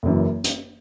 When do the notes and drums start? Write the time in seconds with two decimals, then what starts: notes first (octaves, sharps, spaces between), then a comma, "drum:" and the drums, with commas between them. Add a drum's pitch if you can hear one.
0.03 F#1 F#2 E3
0.44 drum: hi-hat